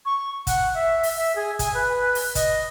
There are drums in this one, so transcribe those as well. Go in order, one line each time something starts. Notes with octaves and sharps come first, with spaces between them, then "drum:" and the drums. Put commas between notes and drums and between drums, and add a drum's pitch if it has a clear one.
C#6
F#5, drum: kick, hi-hat
E5
drum: open hi-hat
E5
G#4
G#5, drum: kick, hi-hat
B4
drum: open hi-hat
D#5, drum: kick, hi-hat